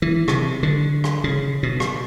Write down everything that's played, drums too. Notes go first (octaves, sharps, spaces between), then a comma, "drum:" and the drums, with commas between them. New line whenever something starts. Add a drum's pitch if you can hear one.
E3
C3, drum: rim click
D3
drum: rim click
C#3
B2
drum: rim click